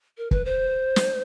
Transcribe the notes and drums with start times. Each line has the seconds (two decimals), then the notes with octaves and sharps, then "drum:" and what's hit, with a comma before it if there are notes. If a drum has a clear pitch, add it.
0.18 A#4
0.31 B4, drum: kick
0.45 C5
0.96 drum: snare